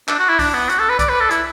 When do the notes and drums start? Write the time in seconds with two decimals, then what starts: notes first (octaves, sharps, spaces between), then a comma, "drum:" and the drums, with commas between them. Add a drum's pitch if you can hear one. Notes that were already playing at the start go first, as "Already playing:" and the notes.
0.08 D4, drum: clap
0.19 F#4
0.29 E4
0.39 D4, drum: kick C2, open hi-hat
0.54 B3
0.70 F#4, drum: hi-hat
0.79 A4
0.90 B4
0.99 D5, drum: kick C2, hi-hat
1.09 B4
1.20 A4
1.31 E4, drum: hi-hat